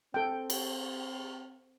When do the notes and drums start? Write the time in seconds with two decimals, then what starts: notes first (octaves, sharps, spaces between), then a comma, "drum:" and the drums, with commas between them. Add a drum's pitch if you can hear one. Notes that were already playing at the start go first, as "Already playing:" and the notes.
0.14 C4 A4 G5
0.50 drum: cymbal